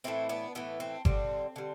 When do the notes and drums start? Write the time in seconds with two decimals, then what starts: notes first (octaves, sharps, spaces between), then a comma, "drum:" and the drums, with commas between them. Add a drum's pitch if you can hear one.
0.04 A2 E3 A3 C4 E4
0.29 B3 D4
0.55 A2 E3 A3 B3
0.80 C4
1.05 D3 G3 C4, drum: kick G1
1.56 D3 G3